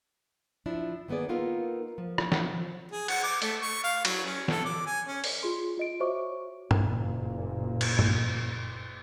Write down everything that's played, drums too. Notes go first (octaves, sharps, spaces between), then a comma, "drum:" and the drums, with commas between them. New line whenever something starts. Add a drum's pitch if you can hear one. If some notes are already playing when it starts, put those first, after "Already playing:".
F3 D4 E4
D#3 A#3 B3 G#4 D5
A#3 B3 D#4 F4 A4 A#4
F3
drum: rim click
drum: snare
G#4
F#5, drum: cymbal
D6
A3, drum: hi-hat
C#6
F5
F#3, drum: cymbal
C#4
A4, drum: snare
D6
G#5
C#4
drum: open hi-hat
F4 G#4 C6
F4 D#5 D7
F#4 C5 C#5 E5 C#6 D6
F#1 A#2, drum: tom
drum: cymbal
drum: tom